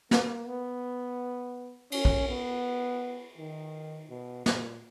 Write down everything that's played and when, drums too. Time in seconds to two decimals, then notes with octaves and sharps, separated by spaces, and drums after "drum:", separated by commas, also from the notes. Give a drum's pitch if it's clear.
0.11 A#3, drum: snare
0.47 B3
1.92 C#4, drum: cymbal
2.05 drum: kick
2.28 B3
3.38 D#3
4.10 B2
4.46 A#2, drum: snare